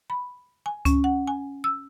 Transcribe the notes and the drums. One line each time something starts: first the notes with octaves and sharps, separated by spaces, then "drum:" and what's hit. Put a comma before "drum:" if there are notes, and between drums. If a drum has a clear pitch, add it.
B5
G#5
C#4, drum: kick C#2, hi-hat
F#5
G#5
E6